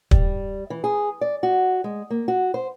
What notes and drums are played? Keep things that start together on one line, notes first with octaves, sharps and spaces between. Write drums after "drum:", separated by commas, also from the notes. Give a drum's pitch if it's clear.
G3, drum: kick
E3
G#4
D5
F#4
G#3
A#3
F#4
C5